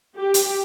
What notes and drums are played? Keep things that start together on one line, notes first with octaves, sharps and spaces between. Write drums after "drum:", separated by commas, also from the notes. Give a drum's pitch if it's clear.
G4
drum: hi-hat